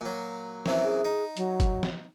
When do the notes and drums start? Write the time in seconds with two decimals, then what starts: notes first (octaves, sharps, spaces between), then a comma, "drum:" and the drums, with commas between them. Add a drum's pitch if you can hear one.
0.01 A#2 F#3
0.66 F#2 C3 E3, drum: snare
0.84 G#4
1.05 D#4
1.37 F#3, drum: hi-hat
1.60 drum: kick, hi-hat
1.83 drum: snare